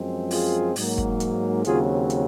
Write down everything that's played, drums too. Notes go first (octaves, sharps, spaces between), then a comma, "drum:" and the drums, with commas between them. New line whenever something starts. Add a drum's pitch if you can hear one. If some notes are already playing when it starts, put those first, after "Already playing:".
Already playing: F#2 F3 G#3 C4
F4 G#4, drum: open hi-hat
G#2 F#3 A#3, drum: open hi-hat
drum: kick
drum: hi-hat
D#2 C#3 F#3 C4 F4 G#4, drum: hi-hat
drum: hi-hat